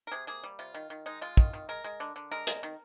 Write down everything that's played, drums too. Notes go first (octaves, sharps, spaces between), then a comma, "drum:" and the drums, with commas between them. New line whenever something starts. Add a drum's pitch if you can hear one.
A#4
C3 G#4
A#3 G#4
G3
C3 F4
D#3
D#3
G#3 D#4
G#3 F4
D#3, drum: kick
D#3
G#3 A#4
G#3
D3
D3
G#3 A#4
G#3, drum: hi-hat
D#3